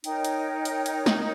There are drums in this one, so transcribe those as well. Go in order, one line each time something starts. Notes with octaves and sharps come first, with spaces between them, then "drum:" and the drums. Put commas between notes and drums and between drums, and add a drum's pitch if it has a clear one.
D#4 A#4 C#5 G5, drum: hi-hat
drum: hi-hat
drum: hi-hat
drum: hi-hat
drum: snare